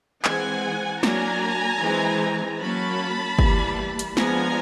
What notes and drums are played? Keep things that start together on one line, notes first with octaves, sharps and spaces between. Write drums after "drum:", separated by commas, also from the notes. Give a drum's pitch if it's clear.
E3 G#3 C4 F#5 G#5, drum: clap
F#3 A#3 D4 G#5 A#5, drum: snare
E3 G#3 C4
F#3 A#3 C#4 A5 B5
E3 G3 A#3, drum: kick
drum: hi-hat
F3 G#3 B3 D4 G#5 A#5, drum: snare